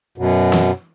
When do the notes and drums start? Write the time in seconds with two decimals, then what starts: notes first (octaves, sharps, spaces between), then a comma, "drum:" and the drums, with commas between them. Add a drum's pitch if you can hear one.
0.18 F#2 B2
0.53 drum: snare